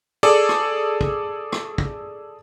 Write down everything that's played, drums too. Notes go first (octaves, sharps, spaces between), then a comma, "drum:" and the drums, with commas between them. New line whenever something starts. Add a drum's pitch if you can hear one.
G#4 A4 D5
drum: rim click
drum: kick
drum: rim click
drum: kick